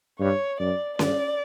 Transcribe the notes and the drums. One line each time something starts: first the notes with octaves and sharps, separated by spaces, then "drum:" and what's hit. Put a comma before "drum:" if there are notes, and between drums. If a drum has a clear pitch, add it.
G2 C#5
F#2 D5
G2 D5, drum: snare C#4